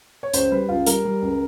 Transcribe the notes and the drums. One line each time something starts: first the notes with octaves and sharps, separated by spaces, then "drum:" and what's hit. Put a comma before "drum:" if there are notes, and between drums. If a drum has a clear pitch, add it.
C#5
C#2 C5, drum: hi-hat
G3 B4
C#2 F4
G3 A#4, drum: hi-hat
G3
C#2